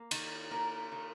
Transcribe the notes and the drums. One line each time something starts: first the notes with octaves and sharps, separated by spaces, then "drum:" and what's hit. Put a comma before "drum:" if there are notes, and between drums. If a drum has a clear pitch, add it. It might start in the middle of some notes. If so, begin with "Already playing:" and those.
Already playing: A#3
D#3, drum: cymbal
A#3 A#4
D#3